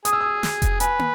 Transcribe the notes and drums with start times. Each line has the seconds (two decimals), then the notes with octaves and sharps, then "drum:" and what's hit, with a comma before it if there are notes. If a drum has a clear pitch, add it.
0.05 G#4 D#6, drum: hi-hat
0.13 E6
0.21 D#6
0.43 drum: snare
0.62 drum: kick F1, hi-hat
0.80 B4 G#5, drum: hi-hat
0.99 drum: tom